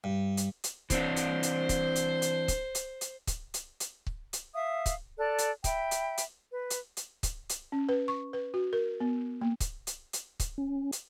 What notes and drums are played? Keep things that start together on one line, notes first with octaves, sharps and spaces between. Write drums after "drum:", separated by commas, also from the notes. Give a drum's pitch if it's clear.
G2
drum: hi-hat
drum: hi-hat
E3 C4 D4 C5, drum: kick C#1, hi-hat
drum: hi-hat
drum: hi-hat
drum: kick C#1, hi-hat
drum: hi-hat
drum: hi-hat
drum: kick C#1, hi-hat
drum: hi-hat
drum: hi-hat
drum: kick C#1, hi-hat
drum: hi-hat
drum: hi-hat
drum: kick C#1
drum: hi-hat
E5 F5 D#6
drum: kick C#1, hi-hat
A4 D5 F#6
drum: hi-hat
E5 G5 B5, drum: kick C#1, hi-hat
drum: hi-hat
drum: hi-hat
B4
drum: hi-hat
drum: hi-hat
drum: kick C#1, hi-hat
drum: hi-hat
C#4
B4
C#6
B4
F#4
A#4
B3
A#3
drum: kick C#1, hi-hat
drum: hi-hat
drum: hi-hat
drum: kick C#1, hi-hat
C#4
drum: hi-hat